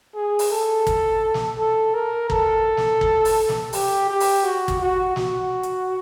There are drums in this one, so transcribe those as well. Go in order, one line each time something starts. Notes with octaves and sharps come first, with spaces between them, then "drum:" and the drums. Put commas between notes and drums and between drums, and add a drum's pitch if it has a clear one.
G#4
drum: open hi-hat
A4
drum: kick, hi-hat
drum: snare
A4
A#4
A4, drum: kick
drum: snare
drum: kick
drum: open hi-hat
drum: snare
G4, drum: open hi-hat
G4
drum: open hi-hat
F#4
drum: kick, hi-hat
F#4
F#4, drum: snare
drum: hi-hat